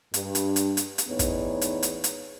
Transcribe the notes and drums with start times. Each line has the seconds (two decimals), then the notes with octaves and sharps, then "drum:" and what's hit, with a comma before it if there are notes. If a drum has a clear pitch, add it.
0.14 G2, drum: hi-hat
0.35 drum: hi-hat
0.56 drum: hi-hat
0.77 drum: hi-hat
0.98 drum: hi-hat
1.08 E2 A2 B3 D#4 C#5
1.19 drum: kick, hi-hat
1.61 drum: hi-hat
1.83 drum: hi-hat
2.04 drum: hi-hat